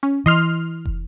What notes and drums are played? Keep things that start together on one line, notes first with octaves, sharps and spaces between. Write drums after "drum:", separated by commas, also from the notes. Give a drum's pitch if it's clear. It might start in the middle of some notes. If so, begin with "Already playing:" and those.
C#4
E3 D#5 C6 F6
drum: kick